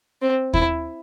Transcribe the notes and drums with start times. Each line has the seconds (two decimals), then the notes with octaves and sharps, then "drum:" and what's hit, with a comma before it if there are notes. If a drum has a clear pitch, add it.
0.22 C4
0.54 E4, drum: kick D#2